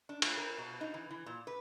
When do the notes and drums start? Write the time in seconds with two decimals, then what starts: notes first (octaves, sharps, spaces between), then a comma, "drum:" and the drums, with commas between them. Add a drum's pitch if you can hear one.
0.09 D4
0.22 A3, drum: cymbal
0.37 A#4
0.58 B2
0.81 D#4
0.94 E3
1.11 E3
1.26 A#2
1.47 B4